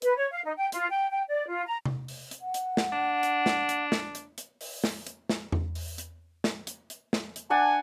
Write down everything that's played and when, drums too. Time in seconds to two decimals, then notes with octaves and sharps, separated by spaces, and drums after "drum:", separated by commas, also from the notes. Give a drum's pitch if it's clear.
0.02 B4, drum: hi-hat
0.16 C#5
0.31 F5
0.44 D#4
0.57 G5
0.72 F4, drum: hi-hat
0.90 G5
1.10 G5
1.28 D5
1.47 F4
1.66 A#5
1.85 drum: tom C3
2.08 drum: open hi-hat
2.31 drum: hi-hat
2.41 F#5
2.54 drum: hi-hat
2.77 drum: snare
2.92 D4
3.23 drum: hi-hat
3.46 drum: snare
3.69 drum: hi-hat
3.92 drum: snare
4.15 drum: hi-hat
4.38 drum: hi-hat
4.61 drum: open hi-hat
4.84 drum: snare
5.07 drum: hi-hat
5.29 drum: snare
5.52 drum: tom E2
5.75 drum: open hi-hat
5.98 drum: hi-hat
6.44 drum: snare
6.67 drum: hi-hat
6.90 drum: hi-hat
7.13 drum: snare
7.36 drum: hi-hat
7.50 D4 F#5 G#5 A5